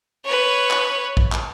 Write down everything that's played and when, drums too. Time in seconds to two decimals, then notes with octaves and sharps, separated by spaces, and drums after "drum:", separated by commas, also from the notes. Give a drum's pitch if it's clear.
0.25 B4 C#5
0.71 drum: clap
1.17 drum: kick A#1
1.32 drum: clap